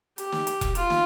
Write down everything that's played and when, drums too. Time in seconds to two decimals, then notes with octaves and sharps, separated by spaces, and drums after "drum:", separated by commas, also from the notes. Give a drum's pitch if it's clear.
0.18 G4, drum: hi-hat
0.32 drum: snare
0.47 drum: hi-hat
0.61 drum: kick E1, hi-hat
0.75 F4, drum: hi-hat
0.90 drum: snare